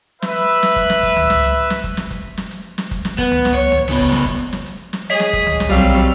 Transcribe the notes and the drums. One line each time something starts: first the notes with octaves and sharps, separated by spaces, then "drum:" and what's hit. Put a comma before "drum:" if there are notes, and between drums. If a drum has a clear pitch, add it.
B4 E5, drum: snare
drum: hi-hat
drum: snare
drum: kick F#1, hi-hat
drum: snare
drum: kick F#1, hi-hat
drum: tom C#2
drum: snare
drum: hi-hat
drum: snare
drum: kick F#1, hi-hat
drum: snare
drum: kick F#1, hi-hat
drum: snare
drum: hi-hat
drum: snare
drum: kick F#1, hi-hat
drum: snare
B3, drum: kick F#1, hi-hat
drum: tom C#2
drum: snare
C#5
drum: tom C#2
C#3 B3
drum: kick F#1, hi-hat
drum: snare
drum: kick F#1, hi-hat
drum: snare
drum: hi-hat
drum: snare
G#4 C#5 D#5 B6
drum: snare
drum: kick F#1, hi-hat
drum: tom C#2
drum: snare
B1 F#3 G3 C4 F5 E6